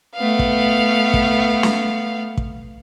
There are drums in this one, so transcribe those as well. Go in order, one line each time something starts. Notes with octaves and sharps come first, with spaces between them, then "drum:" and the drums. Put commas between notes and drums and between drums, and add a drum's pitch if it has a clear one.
A3 B3 F5
drum: kick
drum: kick
drum: snare
drum: kick